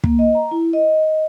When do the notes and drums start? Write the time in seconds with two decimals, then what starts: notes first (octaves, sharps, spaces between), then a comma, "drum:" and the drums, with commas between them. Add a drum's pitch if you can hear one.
0.04 A#3, drum: kick
0.19 D#5
0.35 A#5
0.51 E4
0.73 D#5
1.03 D#5